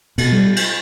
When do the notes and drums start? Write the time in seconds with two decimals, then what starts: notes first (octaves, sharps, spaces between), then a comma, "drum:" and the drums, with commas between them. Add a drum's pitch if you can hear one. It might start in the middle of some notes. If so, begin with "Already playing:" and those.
0.18 B2, drum: cymbal
0.32 G3
0.56 drum: cymbal